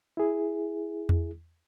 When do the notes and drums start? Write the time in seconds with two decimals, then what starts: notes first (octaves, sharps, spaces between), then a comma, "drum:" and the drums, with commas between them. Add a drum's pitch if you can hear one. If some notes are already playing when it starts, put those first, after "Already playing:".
0.17 E4 G#4
1.09 drum: tom E2